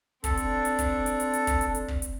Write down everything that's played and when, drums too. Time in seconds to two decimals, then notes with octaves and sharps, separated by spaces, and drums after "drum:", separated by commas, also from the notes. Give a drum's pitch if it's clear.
0.24 C4 D4 A4, drum: kick, hi-hat
0.37 drum: hi-hat
0.65 drum: hi-hat
0.79 drum: kick, hi-hat
1.06 drum: hi-hat
1.20 drum: hi-hat
1.33 drum: hi-hat
1.47 drum: kick, hi-hat
1.61 drum: hi-hat
1.75 drum: hi-hat
1.88 drum: kick
2.02 drum: hi-hat